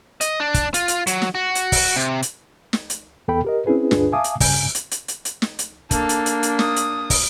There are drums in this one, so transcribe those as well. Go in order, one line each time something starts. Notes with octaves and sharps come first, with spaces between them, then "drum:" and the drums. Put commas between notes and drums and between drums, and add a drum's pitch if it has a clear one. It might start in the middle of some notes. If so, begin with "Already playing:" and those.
D#5, drum: hi-hat
D4
drum: kick, hi-hat
F4, drum: hi-hat
drum: hi-hat
F#3, drum: hi-hat
drum: snare
F#4
drum: hi-hat
drum: kick, open hi-hat
C3
drum: hi-hat
drum: snare
drum: hi-hat
E2 B3 A4 G5 B5
G4 A#4 D#5
C4 C#4 E4 G#4 B4
D2 G2 D4 F4 G#4 B4, drum: snare
E5 F5 G#5 A5 D6 D#6
drum: hi-hat
G2 C#3 G#5 G6, drum: kick, open hi-hat
drum: hi-hat
drum: hi-hat
drum: hi-hat
drum: hi-hat
drum: snare
drum: hi-hat
A#3 D4 A4, drum: kick, hi-hat
drum: hi-hat
drum: hi-hat
drum: hi-hat
D#6, drum: snare
drum: hi-hat
drum: kick, open hi-hat